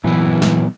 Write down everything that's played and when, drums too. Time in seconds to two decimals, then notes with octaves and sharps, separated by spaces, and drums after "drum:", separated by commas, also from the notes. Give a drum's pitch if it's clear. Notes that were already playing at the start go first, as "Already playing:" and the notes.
0.04 A#2 E3 F#3 B3 E4
0.42 drum: snare